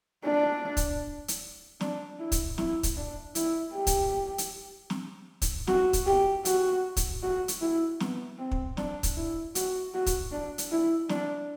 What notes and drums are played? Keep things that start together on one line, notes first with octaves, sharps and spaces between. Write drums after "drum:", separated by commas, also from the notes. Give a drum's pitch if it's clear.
D4
drum: kick, hi-hat
drum: hi-hat
D4, drum: snare
E4
drum: kick, hi-hat
E4, drum: snare
drum: kick, hi-hat
D4
E4, drum: hi-hat
G4
drum: kick, hi-hat
drum: hi-hat
drum: snare
drum: kick, hi-hat
F#4, drum: snare
drum: kick, hi-hat
G4
F#4, drum: hi-hat
drum: kick, hi-hat
F#4
drum: hi-hat
E4
B3, drum: snare
C4
drum: kick
D4, drum: snare
drum: kick, hi-hat
E4
F#4, drum: hi-hat
F#4
drum: kick, hi-hat
D4
drum: hi-hat
E4
D4, drum: snare